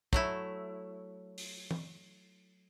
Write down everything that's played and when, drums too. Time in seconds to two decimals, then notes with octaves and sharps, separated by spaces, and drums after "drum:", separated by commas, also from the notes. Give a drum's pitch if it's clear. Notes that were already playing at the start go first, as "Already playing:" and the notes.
0.13 F#3 A3 E4, drum: kick
1.38 drum: open hi-hat
1.71 drum: tom E3